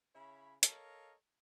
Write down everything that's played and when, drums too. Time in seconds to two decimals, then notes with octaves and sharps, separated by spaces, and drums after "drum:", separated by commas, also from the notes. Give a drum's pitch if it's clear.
0.15 C#3 E4 C#5 B5
0.63 A4 A#4 C#5 D#5 F5 A#5, drum: hi-hat